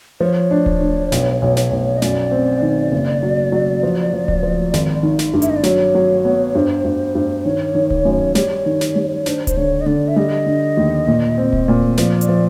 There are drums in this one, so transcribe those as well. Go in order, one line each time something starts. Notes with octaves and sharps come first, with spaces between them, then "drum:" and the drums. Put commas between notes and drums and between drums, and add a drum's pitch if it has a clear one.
F3 C#5
D4
drum: kick D1
D4
B1, drum: snare
B1
drum: snare
B1
D#5
F#2 D5, drum: snare
C4
D#3
F#1
F#3
F#3
F3
F3
drum: kick D1
F3
G#1, drum: snare
D#3
drum: snare
G2
E5, drum: hi-hat
D#5
D5
F#3 C#5, drum: snare
F#3
B3
G2 C5
G2
G2
D#3 C#5
D#3
drum: kick D1
F#2
G3 C#5, drum: snare
D#3
drum: snare
G3
D4 C5, drum: snare
C5, drum: kick D1, hi-hat
D3 C#5
D#5
D3 D5
E5
G3 D#5
D3
D#2
A#2
C4
drum: kick D1
A#2
F3 D5, drum: snare
D5, drum: hi-hat
F3